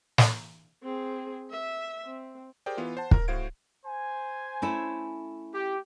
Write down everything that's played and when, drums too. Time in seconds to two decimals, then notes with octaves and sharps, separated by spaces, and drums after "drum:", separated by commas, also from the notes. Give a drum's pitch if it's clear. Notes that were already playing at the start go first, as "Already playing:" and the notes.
0.18 drum: snare
0.83 C4 G#4
1.50 E5
2.05 C4
2.66 G4 G#4 A#4 C5 D5 G5
2.78 E3 B3 F4
2.97 C5 F#5 A5
3.11 A#4 A#5, drum: kick
3.28 A2 F#4 C5 F5 G#6 D7
3.85 C5 G#5
4.62 A3 C#4 E4
5.54 G4